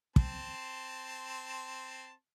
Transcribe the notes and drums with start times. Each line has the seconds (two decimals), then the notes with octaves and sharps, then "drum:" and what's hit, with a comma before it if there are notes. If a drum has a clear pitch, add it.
0.16 C4 A5 C6, drum: kick